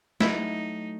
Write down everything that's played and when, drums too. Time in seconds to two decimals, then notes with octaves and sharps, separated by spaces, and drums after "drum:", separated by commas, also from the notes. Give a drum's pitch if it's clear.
0.21 F#3 A3 D#4 E4, drum: snare